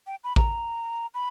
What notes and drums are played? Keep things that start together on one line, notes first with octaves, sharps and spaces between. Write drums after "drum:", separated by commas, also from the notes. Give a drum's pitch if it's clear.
G5
B5
A#5, drum: kick A1
B5